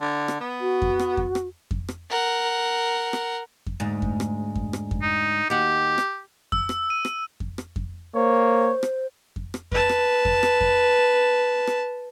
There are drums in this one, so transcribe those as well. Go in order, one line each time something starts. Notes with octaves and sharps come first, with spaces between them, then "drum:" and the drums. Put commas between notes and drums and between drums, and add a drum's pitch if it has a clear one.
D3
drum: rim click
B3
F#4
drum: kick F2
drum: rim click
drum: kick F2
drum: rim click
drum: kick F2
drum: rim click
A#4 F#5
drum: rim click
drum: kick F2
D2 G#2
drum: kick F2
drum: rim click
drum: kick F2
drum: rim click
drum: kick F2
D#4
D#2 F#4 G4
drum: rim click
E6, drum: kick F2
drum: rim click
D#7
drum: rim click
drum: kick F2
drum: rim click
drum: kick F2
A#3 C5 C#5
drum: rim click
drum: kick F2
drum: rim click
B4 A5, drum: kick F2
drum: rim click
drum: kick F2
drum: rim click
drum: kick F2
drum: rim click